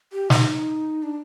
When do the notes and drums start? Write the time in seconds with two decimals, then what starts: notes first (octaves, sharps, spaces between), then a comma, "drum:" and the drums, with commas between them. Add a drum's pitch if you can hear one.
0.13 G4
0.30 D#4, drum: snare
0.48 D#4
1.03 D4